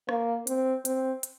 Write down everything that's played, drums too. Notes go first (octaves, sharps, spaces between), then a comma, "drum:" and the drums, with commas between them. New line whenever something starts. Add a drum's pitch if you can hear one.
A#3, drum: rim click
C4, drum: hi-hat
C4, drum: hi-hat
drum: hi-hat